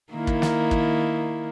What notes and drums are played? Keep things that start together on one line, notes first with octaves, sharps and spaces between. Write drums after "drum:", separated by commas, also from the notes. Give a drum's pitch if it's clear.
D#3 A#3 E4
drum: kick
drum: snare
drum: kick